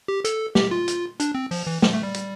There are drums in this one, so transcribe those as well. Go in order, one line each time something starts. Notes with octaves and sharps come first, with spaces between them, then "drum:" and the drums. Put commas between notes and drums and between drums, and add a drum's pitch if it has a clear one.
G4
A4, drum: hi-hat
G4, drum: snare
F4
drum: hi-hat
D4, drum: hi-hat
C4
F3, drum: open hi-hat
E3
F3, drum: snare
A3
G3
drum: hi-hat